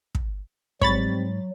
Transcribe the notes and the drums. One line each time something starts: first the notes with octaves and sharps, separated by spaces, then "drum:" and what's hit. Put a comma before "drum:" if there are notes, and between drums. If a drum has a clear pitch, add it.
drum: kick
G#2 F#3 G3 C4 C#5 B5 A6, drum: kick